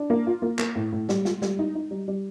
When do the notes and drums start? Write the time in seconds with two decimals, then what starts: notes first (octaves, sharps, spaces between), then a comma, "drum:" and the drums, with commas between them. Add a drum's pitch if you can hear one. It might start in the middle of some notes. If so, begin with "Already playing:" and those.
Already playing: D4
0.10 A#3
0.26 F4
0.42 A#3
0.59 A#3, drum: clap
0.75 A2
0.92 A2
1.09 G3, drum: snare
1.25 F4, drum: snare
1.42 G3, drum: snare
1.59 D#4
1.75 D#4
1.91 G3
2.08 G3